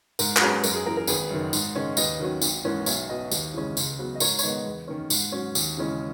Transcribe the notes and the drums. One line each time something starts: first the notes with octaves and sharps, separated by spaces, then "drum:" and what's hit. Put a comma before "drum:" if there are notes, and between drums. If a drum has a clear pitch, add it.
G#2 A#4, drum: tambourine
A#4, drum: clap
F#3 C#4 G#4 B4
F#2 A#4, drum: tambourine
G#4
E3 A#3 A#4
A#4
G#1 G#4 B4, drum: tambourine
F#2 D#3
G#2, drum: tambourine
D#3 G#3 C#4
D#2 B4 D#5, drum: tambourine
D#3 F#3 C#4
G#1, drum: tambourine
G#2 E3 A#3 C#4
B1 C#5 E5, drum: tambourine
B2 F#3 B4 D#5
D#2, drum: tambourine
C#3 E3 G#3 C#4
C#2, drum: tambourine
C#3 F#3 B3
D#5
G#2 A#4 C#5, drum: tambourine
C#5, drum: tambourine
D#3 G#3 B3 B4 D#5
E2
D#3 A#3 C#4
G#2, drum: tambourine
F#3 C#4
D#2, drum: tambourine
C#3 E3 G#3 C#4